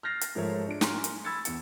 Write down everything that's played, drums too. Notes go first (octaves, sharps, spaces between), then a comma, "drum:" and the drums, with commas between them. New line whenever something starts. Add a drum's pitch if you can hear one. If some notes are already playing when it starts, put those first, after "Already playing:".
F6 G6 A6 A#6 C7 F7
drum: hi-hat
G#2 F3 A3 A#4 C#5 E5
D4 D7
G#5 A#5 C6 C#6 F6, drum: snare
drum: hi-hat
B5 E6 G#6 A6 C#7
E2 C#7, drum: hi-hat